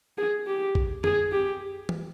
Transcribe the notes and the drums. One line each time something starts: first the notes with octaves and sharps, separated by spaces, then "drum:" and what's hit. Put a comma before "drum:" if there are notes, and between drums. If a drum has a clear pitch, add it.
G#4
G4
drum: kick
G#4, drum: tom F#2
G4
drum: tom